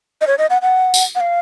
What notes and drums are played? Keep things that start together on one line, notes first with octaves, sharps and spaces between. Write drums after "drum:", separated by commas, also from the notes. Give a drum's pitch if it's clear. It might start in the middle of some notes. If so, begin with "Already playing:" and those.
D#5
C#5
D#5
F#5
F#5
drum: tambourine
F#5
F5